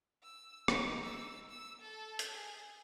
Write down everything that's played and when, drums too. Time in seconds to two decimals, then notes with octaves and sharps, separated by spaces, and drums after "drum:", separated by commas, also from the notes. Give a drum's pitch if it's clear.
0.23 E6
0.68 D#4, drum: rim click
1.05 E6
1.49 E6
1.81 A4
2.19 drum: hi-hat
2.34 G#4